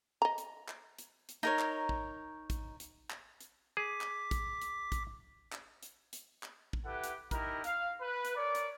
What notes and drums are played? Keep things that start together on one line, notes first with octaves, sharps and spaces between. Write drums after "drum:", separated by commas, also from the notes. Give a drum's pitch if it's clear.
D#5 A#5
drum: hi-hat
drum: clap
drum: hi-hat
drum: hi-hat
D#4 A#4 C#5
drum: clap
drum: kick
drum: kick, hi-hat
drum: hi-hat
drum: clap
drum: hi-hat
G#4 D6 B6
drum: clap
drum: kick, hi-hat
drum: hi-hat
drum: kick, hi-hat
drum: clap
drum: hi-hat
drum: hi-hat
drum: clap
drum: kick
E4 G4 A4 B4 F#5
drum: hi-hat
D#4 E4 G4 A#4, drum: kick, hi-hat
F5, drum: hi-hat
B4
drum: hi-hat
A#4 C#5 D5
drum: hi-hat